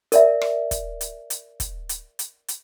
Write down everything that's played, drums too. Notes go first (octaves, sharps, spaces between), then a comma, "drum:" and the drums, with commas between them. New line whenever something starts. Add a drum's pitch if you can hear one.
A#4 D5 E5, drum: hi-hat
drum: rim click
drum: kick, hi-hat
drum: hi-hat
drum: hi-hat
drum: kick, hi-hat
drum: hi-hat
drum: hi-hat
drum: hi-hat